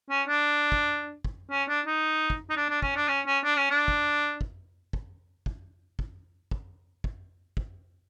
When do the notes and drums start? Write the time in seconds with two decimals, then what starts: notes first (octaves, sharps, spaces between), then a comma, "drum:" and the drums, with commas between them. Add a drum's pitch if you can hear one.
0.10 C#4
0.28 D4
0.72 drum: kick
1.25 drum: kick
1.51 C#4
1.68 D4
1.86 D#4
2.30 drum: kick
2.50 D#4
2.57 D4
2.70 D4
2.82 C#4, drum: kick
2.96 D4
3.08 C#4
3.26 C#4
3.44 D4
3.57 C#4
3.71 D4
3.88 drum: kick
4.41 drum: kick
4.93 drum: kick
5.46 drum: kick
5.99 drum: kick
6.51 drum: kick
7.04 drum: kick
7.57 drum: kick